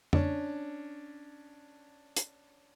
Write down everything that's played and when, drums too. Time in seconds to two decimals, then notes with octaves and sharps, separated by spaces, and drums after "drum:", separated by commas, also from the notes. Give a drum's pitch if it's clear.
0.13 C#4 D4, drum: tom F2
2.16 drum: hi-hat